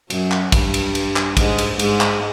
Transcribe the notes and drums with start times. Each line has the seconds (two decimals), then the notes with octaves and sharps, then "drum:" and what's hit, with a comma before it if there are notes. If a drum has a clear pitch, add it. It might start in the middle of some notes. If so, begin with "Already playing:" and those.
0.10 F#2 F#3, drum: cymbal
0.32 drum: clap
0.52 G2 G3, drum: kick, cymbal
0.74 drum: cymbal
0.95 drum: cymbal
1.16 drum: clap
1.37 G#2 G#3, drum: kick, cymbal
1.58 drum: cymbal
1.79 G#2 G#3, drum: cymbal
2.01 drum: clap